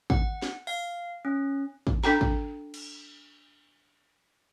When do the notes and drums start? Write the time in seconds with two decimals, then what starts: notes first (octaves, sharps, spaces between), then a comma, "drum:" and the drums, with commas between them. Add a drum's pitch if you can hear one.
0.10 F#5, drum: kick
0.42 drum: snare
0.67 F5, drum: open hi-hat
1.25 C#4
1.87 drum: kick
2.04 D4 A4 G5 A#5, drum: snare
2.21 drum: kick
2.74 drum: cymbal